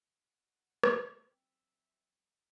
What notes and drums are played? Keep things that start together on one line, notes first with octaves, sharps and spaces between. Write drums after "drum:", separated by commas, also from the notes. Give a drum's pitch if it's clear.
F#5
drum: rim click
F#2 C4 E5 G5